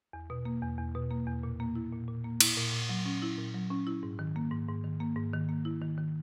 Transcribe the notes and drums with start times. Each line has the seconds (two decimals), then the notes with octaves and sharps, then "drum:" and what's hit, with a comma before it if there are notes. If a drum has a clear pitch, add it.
0.13 E2
0.30 B2
0.45 A#3
0.62 E2
0.79 E2
0.95 B2
1.11 A#3
1.27 E2
1.43 A#2
1.60 A#3
1.76 E4
1.92 A#2
2.08 A#2
2.24 A#3
2.40 E4, drum: cymbal
2.57 A#2
2.73 A#2
2.89 F#3
3.06 C#4
3.22 E4
3.38 A#2
3.54 F#3
3.70 C#4
3.87 E4
4.03 G#2
4.19 D#3
4.36 A#3
4.52 G#2
4.68 G#2
4.84 D#3
5.00 A#3
5.16 G#2
5.33 D#3
5.49 A#3
5.65 E4
5.81 D#3
5.98 D#3